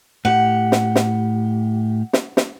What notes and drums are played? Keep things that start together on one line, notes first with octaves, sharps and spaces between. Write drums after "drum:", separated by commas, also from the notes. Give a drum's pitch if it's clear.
A2 G4 F#5
drum: snare
drum: snare
drum: snare
drum: snare